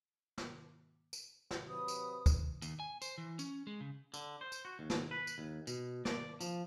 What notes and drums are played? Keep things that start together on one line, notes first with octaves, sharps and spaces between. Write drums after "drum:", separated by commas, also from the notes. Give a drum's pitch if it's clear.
drum: snare
drum: tambourine
drum: snare
C3 F#3 B4 D#6
drum: tambourine
drum: kick, tambourine
D#2, drum: tambourine
G#5
C5, drum: tambourine
E3
C#4, drum: tambourine
G#3
C#3
D3, drum: tambourine
C5
drum: tambourine
F#4
D#2
drum: snare
B4
drum: tambourine
D#2
B2, drum: tambourine
D5, drum: snare
F3, drum: tambourine